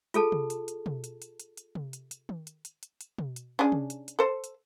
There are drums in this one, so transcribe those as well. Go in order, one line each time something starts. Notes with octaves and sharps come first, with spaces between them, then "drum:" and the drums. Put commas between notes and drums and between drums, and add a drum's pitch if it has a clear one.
F4 G#4 A4 A5, drum: hi-hat
drum: tom C3
drum: hi-hat
drum: hi-hat
drum: tom
drum: hi-hat
drum: hi-hat
drum: hi-hat
drum: hi-hat
drum: tom C3
drum: hi-hat
drum: hi-hat
drum: tom D#3
drum: hi-hat
drum: hi-hat
drum: hi-hat
drum: hi-hat
drum: tom
drum: hi-hat
C#4 D4 G#4
drum: tom C3
drum: hi-hat
drum: hi-hat
A4 C5
drum: hi-hat